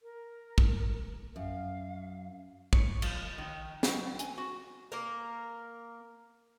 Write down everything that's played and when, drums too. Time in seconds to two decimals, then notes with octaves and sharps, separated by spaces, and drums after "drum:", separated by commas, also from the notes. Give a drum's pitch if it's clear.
0.03 A#4
0.58 drum: kick
1.36 F#2 F5
2.73 C#5, drum: kick
3.02 F3, drum: cymbal
3.38 D#3
3.83 F#3, drum: snare
4.19 G#5, drum: hi-hat
4.38 F#4
4.92 A#3 A#4